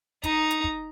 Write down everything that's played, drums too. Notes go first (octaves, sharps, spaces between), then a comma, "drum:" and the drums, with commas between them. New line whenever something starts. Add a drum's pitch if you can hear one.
D#4 A#5, drum: kick, hi-hat
drum: hi-hat
drum: kick